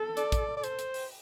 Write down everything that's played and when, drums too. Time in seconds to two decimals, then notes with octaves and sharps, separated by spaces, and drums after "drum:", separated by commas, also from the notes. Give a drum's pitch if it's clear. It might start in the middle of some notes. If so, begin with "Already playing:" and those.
Already playing: A4
0.17 D5, drum: hi-hat
0.32 drum: kick, hi-hat
0.57 D5
0.64 C5, drum: hi-hat
0.79 drum: hi-hat
0.94 drum: open hi-hat